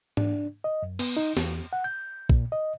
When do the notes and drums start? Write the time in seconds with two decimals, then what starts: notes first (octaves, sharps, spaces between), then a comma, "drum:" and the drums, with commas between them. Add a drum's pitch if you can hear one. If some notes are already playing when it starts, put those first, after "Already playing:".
0.17 D4, drum: tom G#2
0.64 D#5
0.82 F#2
0.99 B3, drum: cymbal
1.17 D#4
1.37 E2, drum: snare
1.73 F#5
1.84 G6
2.29 A#2, drum: kick A#1
2.52 D#5